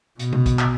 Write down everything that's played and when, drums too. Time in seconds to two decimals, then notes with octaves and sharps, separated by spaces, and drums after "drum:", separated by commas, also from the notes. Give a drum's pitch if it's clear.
0.19 B2, drum: hi-hat
0.33 drum: tom C3
0.46 drum: kick, hi-hat
0.59 drum: clap